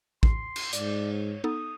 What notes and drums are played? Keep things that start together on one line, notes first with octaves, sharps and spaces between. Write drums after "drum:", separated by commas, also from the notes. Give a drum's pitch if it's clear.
C6, drum: kick
drum: cymbal
G#2 D5, drum: hi-hat
C#5
B3 D#4 A4 D#6